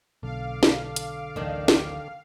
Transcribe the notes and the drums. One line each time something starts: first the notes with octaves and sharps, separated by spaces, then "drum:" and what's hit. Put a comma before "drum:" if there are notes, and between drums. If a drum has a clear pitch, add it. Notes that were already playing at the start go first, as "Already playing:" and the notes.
B1 D3 A4 F5 D6
drum: snare
drum: hi-hat
D1 A1 D#3 D4
drum: snare